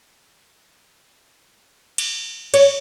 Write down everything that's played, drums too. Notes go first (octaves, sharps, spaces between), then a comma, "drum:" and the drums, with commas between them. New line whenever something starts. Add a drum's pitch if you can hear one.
drum: cymbal
C#5, drum: cymbal